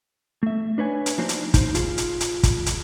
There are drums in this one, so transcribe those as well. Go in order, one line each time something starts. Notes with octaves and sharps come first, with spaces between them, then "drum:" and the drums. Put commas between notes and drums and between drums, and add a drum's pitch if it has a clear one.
A3 E5
D4 B4 C#5 G#5
drum: hi-hat
F3 A#3 D4 D#4 F#4 C5
drum: hi-hat
D#4 C5, drum: kick, hi-hat
F4 G#4, drum: hi-hat
drum: hi-hat
drum: hi-hat
drum: kick, hi-hat
drum: hi-hat